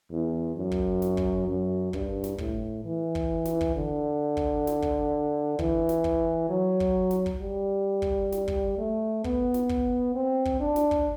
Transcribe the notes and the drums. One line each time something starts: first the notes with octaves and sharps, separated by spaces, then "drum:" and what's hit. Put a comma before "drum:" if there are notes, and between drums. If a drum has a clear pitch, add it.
E2
F#2
drum: kick
drum: snare
drum: kick
F#2
G2, drum: kick
drum: snare
A2, drum: kick
E3
drum: kick
drum: snare
drum: kick
D3
drum: kick
drum: snare
drum: kick
E3, drum: kick
drum: snare
drum: kick
F#3
drum: kick
drum: snare
drum: kick
G3
drum: kick
drum: snare
drum: kick
A3
B3, drum: kick
drum: snare
drum: kick
C4
drum: kick
D4
drum: snare
drum: kick